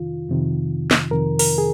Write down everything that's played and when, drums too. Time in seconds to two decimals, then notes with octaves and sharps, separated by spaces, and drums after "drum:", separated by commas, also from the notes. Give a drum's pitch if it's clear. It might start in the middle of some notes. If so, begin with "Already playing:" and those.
Already playing: F2 C3 D#3 F4
0.30 F2 C3 D#3
0.91 drum: snare
1.11 F2 C3 D#3 A#4
1.39 A#4, drum: open hi-hat
1.58 G#4